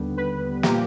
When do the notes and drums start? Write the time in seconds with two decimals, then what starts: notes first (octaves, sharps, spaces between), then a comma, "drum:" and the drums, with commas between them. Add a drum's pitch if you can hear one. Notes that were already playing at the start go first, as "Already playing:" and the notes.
Already playing: D#2 D3 G3 B3
0.17 B4
0.63 A#2 F3 A#3 G4, drum: snare